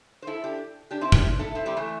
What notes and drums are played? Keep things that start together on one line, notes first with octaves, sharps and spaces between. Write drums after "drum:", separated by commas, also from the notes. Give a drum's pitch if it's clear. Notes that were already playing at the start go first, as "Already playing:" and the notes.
C5
E4 A4
D4 G4
D4 G4
C4 E4
D4 G4, drum: kick
E4 A4
C4 E4
G3 C4
E3 A3